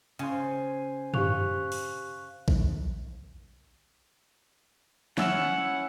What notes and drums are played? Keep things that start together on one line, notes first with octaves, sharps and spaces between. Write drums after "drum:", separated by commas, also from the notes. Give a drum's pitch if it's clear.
C#3 C5 G#5
G4 F5 C#6 F#6 F7, drum: tom
drum: open hi-hat
drum: kick A#1
C#4 E4 F#5 E6 E7, drum: snare